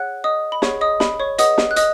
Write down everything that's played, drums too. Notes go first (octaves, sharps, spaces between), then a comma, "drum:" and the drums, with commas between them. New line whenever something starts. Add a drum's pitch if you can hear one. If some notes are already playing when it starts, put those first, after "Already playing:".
Already playing: G#4 C#5 F#5 F#6
D#5 D#6
B5
G#4 C#5 F#5 C#6, drum: snare
D#5 D#6
B5, drum: snare
C#5 C#6
G#4 B4 D#5 F#5 D#6, drum: hi-hat
drum: snare
F#6
D#5 D#6, drum: hi-hat